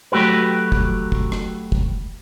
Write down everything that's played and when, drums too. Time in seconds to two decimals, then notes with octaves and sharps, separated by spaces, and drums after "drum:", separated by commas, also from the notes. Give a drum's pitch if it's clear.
0.12 F#3 A3 F#4 G4 B4
0.72 drum: kick
1.12 drum: kick
1.32 drum: rim click
1.72 drum: kick